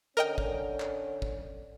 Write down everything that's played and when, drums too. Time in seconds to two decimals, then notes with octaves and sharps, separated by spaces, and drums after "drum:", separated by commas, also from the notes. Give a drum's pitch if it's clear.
0.17 D3 C#4 A#4 D#5 G5
0.38 drum: kick
0.80 drum: clap
1.22 drum: kick